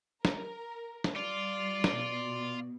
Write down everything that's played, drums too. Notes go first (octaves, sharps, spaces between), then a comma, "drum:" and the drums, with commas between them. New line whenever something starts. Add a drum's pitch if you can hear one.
A#4, drum: snare
drum: snare
G3 F4 D5
drum: snare
B2